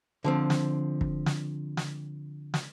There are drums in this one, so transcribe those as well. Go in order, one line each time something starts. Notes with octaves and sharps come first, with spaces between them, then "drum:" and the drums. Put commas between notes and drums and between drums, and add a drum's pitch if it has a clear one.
D3 F3 C4
drum: snare
drum: kick
drum: snare
drum: snare
drum: snare